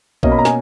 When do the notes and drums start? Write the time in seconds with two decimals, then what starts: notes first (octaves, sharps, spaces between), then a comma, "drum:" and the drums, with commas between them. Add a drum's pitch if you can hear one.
0.23 B2 A#3 C#4 D#5, drum: kick A#1
0.32 B5
0.39 A#5
0.45 G#5, drum: snare